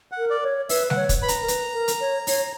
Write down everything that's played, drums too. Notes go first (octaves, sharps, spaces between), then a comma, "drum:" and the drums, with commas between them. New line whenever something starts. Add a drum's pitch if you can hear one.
F#5
A#4
D5
C#5
B4 E5, drum: open hi-hat
F#5, drum: snare G3
C#5
drum: kick, hi-hat
B4 B5
A#5, drum: hi-hat
A#4
B4, drum: hi-hat
A#4
drum: hi-hat
C#5
C#5, drum: open hi-hat